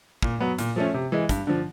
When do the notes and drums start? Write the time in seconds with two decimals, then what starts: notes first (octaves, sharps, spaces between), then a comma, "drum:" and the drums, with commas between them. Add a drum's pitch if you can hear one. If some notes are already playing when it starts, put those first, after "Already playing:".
0.22 A#2, drum: kick
0.40 F#3 B3
0.58 A#2, drum: hi-hat
0.76 F3 A3 C#4
0.94 C3
1.12 E3 G#3
1.29 G2, drum: kick, hi-hat
1.47 D3 F3